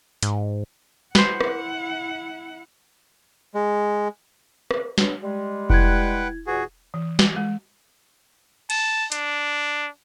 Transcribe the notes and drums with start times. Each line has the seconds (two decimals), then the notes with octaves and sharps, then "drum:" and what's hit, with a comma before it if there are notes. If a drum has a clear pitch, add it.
0.23 G#2, drum: hi-hat
1.15 E4 B4 C5 F#5, drum: snare
1.41 drum: rim click
3.54 G#3
4.71 drum: rim click
4.98 F#3 B3 D4, drum: snare
5.22 G3 G#3
5.70 E4 B4 F#5 G5 G#6, drum: kick F1
6.47 E2 A#2 F#4 G#4
6.94 E3
7.19 B4, drum: snare
7.36 G#3
8.70 A5, drum: cymbal
9.12 D4, drum: hi-hat